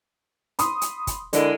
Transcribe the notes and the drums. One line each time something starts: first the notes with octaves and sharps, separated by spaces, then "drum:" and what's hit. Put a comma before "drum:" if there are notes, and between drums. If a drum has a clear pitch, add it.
B5 C6 D#6, drum: hi-hat
drum: hi-hat
drum: kick, hi-hat
D3 G#3 E4 A#4, drum: hi-hat